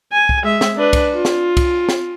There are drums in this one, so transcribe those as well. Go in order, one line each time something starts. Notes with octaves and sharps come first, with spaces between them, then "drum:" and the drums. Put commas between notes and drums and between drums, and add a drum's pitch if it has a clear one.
G#5
drum: kick C2
G#3 E5
drum: snare
D4 B4
drum: kick C2, cymbal
F4
drum: snare
drum: kick C2, cymbal
drum: snare